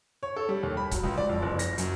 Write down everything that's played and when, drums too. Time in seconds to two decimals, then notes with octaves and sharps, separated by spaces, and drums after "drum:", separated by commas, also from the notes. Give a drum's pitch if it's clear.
0.23 C#5
0.36 A4
0.49 G3
0.63 D#2
0.77 B5
0.91 F#3, drum: kick C#1, hi-hat
1.03 C#2
1.18 D5
1.29 F2
1.42 F#1
1.59 A#6, drum: hi-hat
1.78 F#2, drum: hi-hat